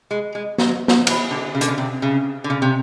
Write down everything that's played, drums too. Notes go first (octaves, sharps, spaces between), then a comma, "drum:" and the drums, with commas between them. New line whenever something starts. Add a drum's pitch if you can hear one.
G#3
G#3
F#3, drum: snare
drum: snare
E3, drum: cymbal
D3
C#3
D3, drum: hi-hat
C#3
C3
C#3
D3
C#3
C3